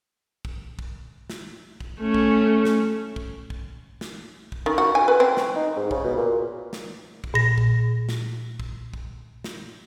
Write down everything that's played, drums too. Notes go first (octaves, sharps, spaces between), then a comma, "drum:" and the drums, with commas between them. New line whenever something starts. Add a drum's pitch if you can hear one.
drum: kick
drum: kick
drum: snare
drum: kick
A3 C#4
drum: kick
drum: snare
drum: kick
drum: kick
drum: snare
drum: kick
D#3
F#4
G#5
B4
C4
drum: snare
D#4
G#2
C#3, drum: kick
B2
A#2
drum: snare
drum: kick
A#2 A#6
drum: kick
drum: snare
drum: kick
drum: kick
drum: snare